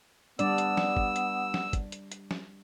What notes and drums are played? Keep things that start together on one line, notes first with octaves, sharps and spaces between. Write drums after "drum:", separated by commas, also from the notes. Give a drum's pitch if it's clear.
G3 B3 D4 D5 E6, drum: hi-hat
drum: hi-hat
drum: snare
drum: kick
drum: hi-hat
drum: snare
drum: kick, hi-hat
drum: hi-hat
drum: hi-hat
drum: snare